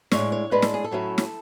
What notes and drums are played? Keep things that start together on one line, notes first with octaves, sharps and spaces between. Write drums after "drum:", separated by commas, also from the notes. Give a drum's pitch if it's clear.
A2 G#3 D4 C#5, drum: snare
C#5
A2 G#3 D4 B4
A4, drum: snare
G#4
A4
A2 F#3 C#4 E4
drum: snare